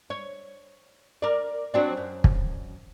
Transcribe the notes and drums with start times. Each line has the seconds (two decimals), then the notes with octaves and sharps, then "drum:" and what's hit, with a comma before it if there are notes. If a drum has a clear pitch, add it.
0.10 C#5
1.22 A#4 D5
1.74 F#3 C4 D4
1.97 F#2
2.24 drum: kick